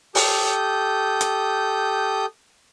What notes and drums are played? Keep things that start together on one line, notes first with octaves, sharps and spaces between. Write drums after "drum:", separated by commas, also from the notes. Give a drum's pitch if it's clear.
G4 A4 D#6 G6, drum: open hi-hat
drum: hi-hat